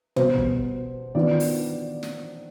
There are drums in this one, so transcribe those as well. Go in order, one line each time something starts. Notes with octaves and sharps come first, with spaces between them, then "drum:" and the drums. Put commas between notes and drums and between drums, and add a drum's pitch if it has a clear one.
B2 G3 B3 C5, drum: tom
drum: kick
D#3 B3 D4 F4 D5
drum: open hi-hat
drum: snare